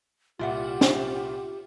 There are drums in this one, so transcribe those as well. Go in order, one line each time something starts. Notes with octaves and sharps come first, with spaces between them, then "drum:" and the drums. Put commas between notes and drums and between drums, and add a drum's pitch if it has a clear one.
C2 A#2 F4 G4 E5 F#5
drum: snare